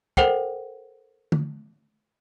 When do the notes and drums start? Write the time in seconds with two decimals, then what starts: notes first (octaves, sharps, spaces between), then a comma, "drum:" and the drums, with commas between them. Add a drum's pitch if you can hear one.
0.17 A4 A#4 C5 F#5 G5, drum: kick
1.32 drum: tom